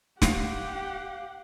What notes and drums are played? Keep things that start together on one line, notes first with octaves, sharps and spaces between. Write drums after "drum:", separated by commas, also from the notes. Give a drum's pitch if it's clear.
G4 F5 F#5, drum: snare